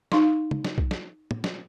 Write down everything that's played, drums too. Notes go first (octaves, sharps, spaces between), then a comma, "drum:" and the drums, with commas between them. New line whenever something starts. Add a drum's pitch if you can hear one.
D#4 F5 C6 C#6, drum: snare
drum: tom C#3
drum: snare
drum: kick B1
drum: snare
drum: tom
drum: snare